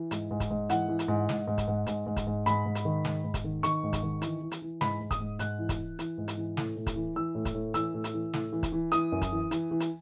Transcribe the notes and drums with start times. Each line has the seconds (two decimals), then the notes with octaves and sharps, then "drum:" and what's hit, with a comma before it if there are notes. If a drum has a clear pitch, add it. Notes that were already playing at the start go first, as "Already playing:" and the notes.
Already playing: E3
0.11 G#2, drum: hi-hat
0.31 G#2
0.40 drum: kick, hi-hat
0.50 G#2
0.69 E3 F#5, drum: hi-hat
0.89 E3
0.99 drum: hi-hat
1.08 G#2
1.29 G#2, drum: snare
1.47 G#2
1.58 drum: kick, hi-hat
1.68 G#2
1.86 G#2, drum: hi-hat
2.06 G#2
2.16 drum: kick, hi-hat
2.27 G#2
2.46 G#2 B5, drum: hi-hat
2.65 G#2
2.75 drum: hi-hat
2.85 D#3
3.05 G#2, drum: snare
3.24 G#2
3.34 drum: kick, hi-hat
3.44 D#3
3.63 D#3 C#6, drum: hi-hat
3.83 G#2
3.93 drum: kick, hi-hat
4.03 D#3
4.22 E3, drum: hi-hat
4.41 E3
4.51 drum: hi-hat
4.62 E3
4.81 G#2 B5, drum: snare
5.00 G#2
5.11 D#6, drum: kick, hi-hat
5.20 G#2
5.39 G#2 F#6, drum: hi-hat
5.59 E3
5.69 drum: kick, hi-hat
5.78 E3
5.99 E3, drum: hi-hat
6.18 G#2
6.28 drum: hi-hat
6.38 E3
6.57 A2, drum: snare
6.76 A2
6.86 drum: kick, hi-hat
6.96 E3
7.16 E3 E6
7.35 A2
7.45 drum: kick, hi-hat
7.55 A2
7.74 E3 E6, drum: hi-hat
7.94 A2
8.04 drum: hi-hat
8.14 E3
8.33 A2, drum: snare
8.52 E3
8.63 drum: kick, hi-hat
8.72 E3
8.92 E3 D#6, drum: hi-hat
9.12 F#2
9.22 drum: kick, hi-hat
9.32 E3
9.51 E3, drum: hi-hat
9.71 E3
9.80 drum: hi-hat